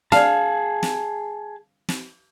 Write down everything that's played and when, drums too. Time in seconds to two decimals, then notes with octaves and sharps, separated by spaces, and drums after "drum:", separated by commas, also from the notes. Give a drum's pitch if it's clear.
0.12 G#4 F5 A5, drum: snare
0.83 drum: snare
1.89 drum: snare